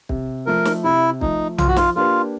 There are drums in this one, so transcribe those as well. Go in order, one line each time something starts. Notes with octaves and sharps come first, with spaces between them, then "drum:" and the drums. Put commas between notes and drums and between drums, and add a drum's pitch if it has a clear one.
C3, drum: kick
F3 A3 A#4
drum: snare
C3 E4
F3 A3 D#4, drum: kick
F3 F4, drum: tom B1
F#4
F4, drum: snare
A#3 D4 F4 G4 B4